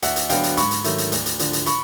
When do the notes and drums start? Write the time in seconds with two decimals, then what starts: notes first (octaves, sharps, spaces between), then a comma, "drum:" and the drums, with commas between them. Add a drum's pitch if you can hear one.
0.02 D2 E5 F#5, drum: hi-hat
0.16 drum: hi-hat
0.30 D3 F#3 B3 D4 F5 G5, drum: hi-hat
0.43 drum: hi-hat
0.57 G#2 B5 C#6, drum: hi-hat
0.71 drum: hi-hat
0.84 D#3 F#3 A3, drum: hi-hat
0.98 drum: hi-hat
1.12 D2, drum: hi-hat
1.26 drum: hi-hat
1.39 D3 F3, drum: hi-hat
1.53 drum: hi-hat
1.66 B5 C#6, drum: hi-hat